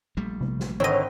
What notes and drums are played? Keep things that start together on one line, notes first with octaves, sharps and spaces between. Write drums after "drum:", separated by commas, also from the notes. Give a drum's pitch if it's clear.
A#1 G3 A3
drum: tom C3
drum: snare
G#1 D3 C4 C#5 D#5